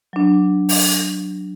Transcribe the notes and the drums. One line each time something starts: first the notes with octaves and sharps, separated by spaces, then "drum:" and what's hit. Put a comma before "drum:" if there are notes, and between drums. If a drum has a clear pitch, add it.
F#3 D4
drum: open hi-hat